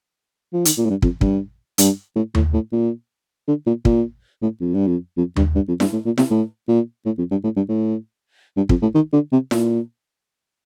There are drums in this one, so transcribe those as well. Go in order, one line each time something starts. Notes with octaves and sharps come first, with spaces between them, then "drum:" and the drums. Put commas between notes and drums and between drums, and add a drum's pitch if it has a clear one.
F3
D#3, drum: hi-hat
A#2
A2
G2
F2, drum: kick
G2, drum: kick
G2, drum: hi-hat
A2
A2, drum: tom D#2
A2
A#2
D3
A#2
A#2, drum: kick
A2
F2
G2
F2
F2
G2, drum: tom D#2
G2
F2
G2, drum: snare E4
A2
A#2
C3, drum: snare E4
A2
A#2
A2
F2
G2
A2
G2
A2
G2
F2, drum: kick
A2
D#3
D3
C3
A#2, drum: snare E4